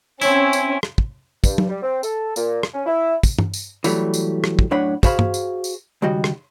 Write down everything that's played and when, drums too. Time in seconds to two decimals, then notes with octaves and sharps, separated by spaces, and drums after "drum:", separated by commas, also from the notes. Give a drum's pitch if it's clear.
0.21 C4 C#4 E4, drum: tambourine
0.53 drum: tambourine
0.83 drum: rim click
0.98 drum: kick
1.44 G2, drum: kick, tambourine
1.58 drum: tom
1.69 G3
1.82 C4
2.03 A4, drum: tambourine
2.36 A#2, drum: tambourine
2.63 drum: rim click
2.74 C#4
2.86 E4
3.23 drum: kick, tambourine
3.39 drum: tom
3.54 drum: tambourine
3.84 E3 F#3 G3 A3, drum: tambourine
4.14 drum: tambourine
4.44 drum: rim click
4.59 drum: kick
4.71 F#2 A2 D4 C#5 F#5 B5
5.03 F#4 G#4 C5 F5 B5, drum: kick, tambourine
5.19 drum: tom
5.34 drum: tambourine
5.64 drum: tambourine
6.02 C#2 D#3 G3 F#4 D#5
6.24 drum: rim click